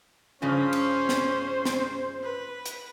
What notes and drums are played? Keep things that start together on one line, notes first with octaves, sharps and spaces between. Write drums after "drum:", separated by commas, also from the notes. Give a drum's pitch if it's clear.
G2 C#3 F3 C#4 C5
drum: cymbal
drum: snare
drum: snare
B4
drum: hi-hat